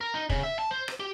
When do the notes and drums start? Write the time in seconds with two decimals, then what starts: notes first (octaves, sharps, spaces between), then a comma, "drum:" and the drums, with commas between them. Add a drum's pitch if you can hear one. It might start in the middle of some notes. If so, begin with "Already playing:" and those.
0.01 A#4
0.14 D#4
0.30 C#3, drum: kick
0.43 E5
0.59 A5
0.71 C5
0.88 drum: rim click
1.00 G4